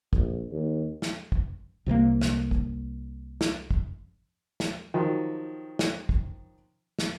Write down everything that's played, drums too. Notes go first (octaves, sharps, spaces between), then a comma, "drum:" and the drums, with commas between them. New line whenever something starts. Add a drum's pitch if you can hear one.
A#1, drum: kick
D#2
drum: snare
drum: kick
C2 C3 D#3 A#3
drum: snare
drum: kick
drum: snare
drum: kick
drum: snare
D#3 F3 F#3
drum: snare
drum: kick
drum: snare